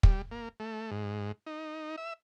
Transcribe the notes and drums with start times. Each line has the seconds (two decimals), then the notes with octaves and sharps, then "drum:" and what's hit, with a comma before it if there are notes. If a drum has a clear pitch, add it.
0.03 G3, drum: kick
0.32 A#3
0.60 A3
0.91 G#2
1.46 D#4
1.98 E5